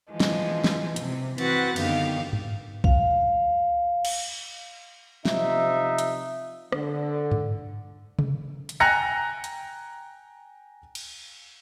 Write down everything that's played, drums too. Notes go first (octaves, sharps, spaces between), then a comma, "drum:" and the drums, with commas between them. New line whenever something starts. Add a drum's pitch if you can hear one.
E3 F3 G#3
drum: snare
drum: snare
C3, drum: hi-hat
E3 C4 F#4 B4 F#5 A6, drum: cymbal
F#2 D3 D#3 B3 G4 F5, drum: cymbal
drum: tom G2
F5, drum: kick B1
drum: cymbal
C3 F3 D#4 E5, drum: snare
drum: hi-hat
D3, drum: rim click
drum: tom G2
drum: tom C3
drum: hi-hat
G5 G#5 A#5 F#6 A#6 C#7
drum: hi-hat
drum: cymbal